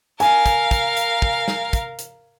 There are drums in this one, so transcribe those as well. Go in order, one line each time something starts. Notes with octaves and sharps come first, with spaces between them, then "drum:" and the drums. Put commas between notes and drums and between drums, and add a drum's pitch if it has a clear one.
A#4 F5 G#5, drum: hi-hat
drum: kick, hi-hat
drum: kick, hi-hat
drum: hi-hat
drum: kick
drum: snare
drum: kick, hi-hat
drum: hi-hat